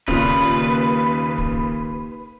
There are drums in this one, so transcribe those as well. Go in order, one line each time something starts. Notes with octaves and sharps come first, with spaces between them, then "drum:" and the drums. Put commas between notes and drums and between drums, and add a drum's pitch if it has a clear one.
D#2 A#2 C#3 B4, drum: kick
drum: kick